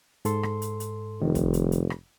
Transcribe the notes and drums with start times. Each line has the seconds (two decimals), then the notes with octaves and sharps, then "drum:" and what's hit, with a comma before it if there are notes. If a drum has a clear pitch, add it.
0.25 G#2 A4 C6, drum: hi-hat
0.43 drum: rim click
0.62 drum: hi-hat
0.80 drum: hi-hat
1.22 F1 D#3
1.35 drum: kick, hi-hat
1.54 drum: hi-hat
1.72 drum: hi-hat
1.90 drum: rim click